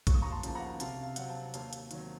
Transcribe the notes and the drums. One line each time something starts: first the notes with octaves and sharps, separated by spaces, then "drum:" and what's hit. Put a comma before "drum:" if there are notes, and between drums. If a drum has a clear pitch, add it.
D#2 C#6, drum: kick, hi-hat
D#6
A#5 C#6
A5 C6
C#3 F3 A#3 A5, drum: hi-hat
F#5 A#5
C3 F5 A5, drum: hi-hat
F5
F#3 C4 F#5, drum: hi-hat
F5 A5
D#2 F5 A5, drum: hi-hat
drum: hi-hat
D#3 F#3 C4, drum: hi-hat